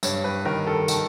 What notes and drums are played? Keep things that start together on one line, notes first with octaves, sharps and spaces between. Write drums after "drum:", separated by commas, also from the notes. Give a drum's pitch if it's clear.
G2 C#5, drum: tambourine
B4
D#3 A#4
A4
D#3, drum: tambourine